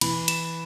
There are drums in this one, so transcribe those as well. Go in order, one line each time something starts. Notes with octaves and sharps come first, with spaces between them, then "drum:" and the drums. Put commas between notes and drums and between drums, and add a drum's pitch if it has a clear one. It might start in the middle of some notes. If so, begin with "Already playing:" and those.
E3 B5, drum: cymbal
E7, drum: cymbal